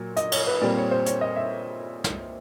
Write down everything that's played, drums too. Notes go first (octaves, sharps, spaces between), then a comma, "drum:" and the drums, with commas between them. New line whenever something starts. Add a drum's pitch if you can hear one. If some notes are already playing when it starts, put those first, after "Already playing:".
Already playing: A#2 F#3
D#5, drum: hi-hat
C#5, drum: cymbal
B4
A#2 G3 C4 D5
C#5
C5
C#5, drum: hi-hat
D#5
E5
drum: snare